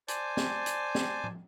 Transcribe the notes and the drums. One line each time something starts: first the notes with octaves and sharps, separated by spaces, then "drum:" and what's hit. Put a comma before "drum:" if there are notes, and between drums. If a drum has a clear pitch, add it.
C5 D5 G#5 A5, drum: hi-hat
drum: snare
drum: hi-hat
drum: snare
drum: tom A2